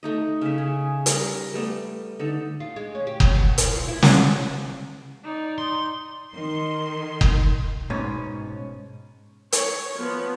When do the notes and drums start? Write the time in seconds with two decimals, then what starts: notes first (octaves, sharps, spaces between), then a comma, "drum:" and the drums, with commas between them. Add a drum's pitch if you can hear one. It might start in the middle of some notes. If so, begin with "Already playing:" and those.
0.03 A3 D#4 D#5
0.41 C#3 E5
0.58 G#4
1.06 G3 A#4, drum: hi-hat
1.54 G3 A3 B3
2.19 D3 D#4 A4
2.60 F4
2.76 G#3
2.95 C#4
3.07 G4
3.20 F#3, drum: kick F#1
3.35 B2
3.58 F3, drum: hi-hat
3.76 F4
3.88 E4
4.02 F4, drum: snare
5.24 D#4 D5
5.58 C6
6.32 D#3 C6
7.21 drum: kick F#1
7.90 G#2 B2 C#4
9.52 C#5, drum: hi-hat
9.98 F3 B3